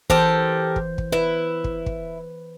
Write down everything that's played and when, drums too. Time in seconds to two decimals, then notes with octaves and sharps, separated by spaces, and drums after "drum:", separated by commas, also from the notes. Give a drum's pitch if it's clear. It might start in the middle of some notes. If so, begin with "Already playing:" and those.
0.10 E3 G4 A4 A#4 C5, drum: kick
0.76 drum: kick
0.98 drum: kick
1.12 E4 B4
1.64 drum: kick
1.86 drum: kick